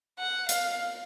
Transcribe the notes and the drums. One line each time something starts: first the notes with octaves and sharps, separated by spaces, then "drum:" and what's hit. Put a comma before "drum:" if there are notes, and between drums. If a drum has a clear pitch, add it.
F#5
F5, drum: hi-hat